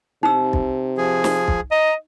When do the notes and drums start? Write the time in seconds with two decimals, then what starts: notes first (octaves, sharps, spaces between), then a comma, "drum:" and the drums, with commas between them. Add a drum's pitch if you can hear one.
0.23 C3 D#4 E6
0.53 drum: kick
0.98 F3 G#4
1.24 drum: snare
1.48 drum: kick
1.71 D#5 A#5